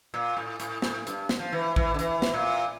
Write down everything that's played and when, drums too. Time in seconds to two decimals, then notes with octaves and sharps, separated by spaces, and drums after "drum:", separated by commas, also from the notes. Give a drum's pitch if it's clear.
0.14 A#2
0.37 A2
0.60 A2, drum: hi-hat
0.82 A2, drum: snare
1.07 G2, drum: hi-hat
1.29 drum: snare
1.39 F3
1.52 E3
1.76 E3, drum: kick
1.94 D3
1.99 E3, drum: hi-hat
2.22 drum: snare
2.34 A#2